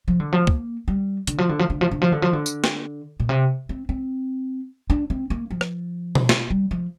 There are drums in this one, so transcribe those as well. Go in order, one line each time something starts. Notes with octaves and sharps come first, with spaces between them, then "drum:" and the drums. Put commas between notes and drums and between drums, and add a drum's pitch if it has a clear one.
F3
D3
F3
A#3, drum: kick
G3
D3, drum: hi-hat
F3
D3
F3
D3
F3
D3
F3
D3
F3
D3
drum: tambourine
drum: snare
A#2
C3
C4
C4
D4
C4
A#3
F3
drum: rim click
drum: tom B2
drum: snare
G3
F3